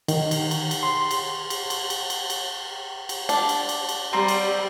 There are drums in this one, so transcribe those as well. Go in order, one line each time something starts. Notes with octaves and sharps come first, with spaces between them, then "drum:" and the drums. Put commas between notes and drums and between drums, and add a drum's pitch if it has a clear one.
D#3, drum: cymbal
drum: cymbal
drum: cymbal
drum: cymbal
C6
drum: cymbal
drum: cymbal
drum: cymbal
drum: cymbal
drum: cymbal
drum: cymbal
drum: cymbal
D4, drum: cymbal
drum: cymbal
drum: cymbal
drum: cymbal
G3 C4 A#5
drum: cymbal